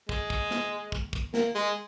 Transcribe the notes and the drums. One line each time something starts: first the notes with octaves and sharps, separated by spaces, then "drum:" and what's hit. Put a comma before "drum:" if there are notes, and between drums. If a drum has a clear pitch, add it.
G#3, drum: kick
drum: kick
drum: snare
drum: kick
drum: kick
A#3, drum: snare
G#3